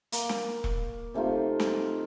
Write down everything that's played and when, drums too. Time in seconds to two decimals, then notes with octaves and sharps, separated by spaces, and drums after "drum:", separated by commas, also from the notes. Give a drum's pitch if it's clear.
0.12 A#3, drum: hi-hat
0.29 drum: snare
0.64 drum: kick E1
1.14 C3 A3 D#4 F4
1.60 drum: snare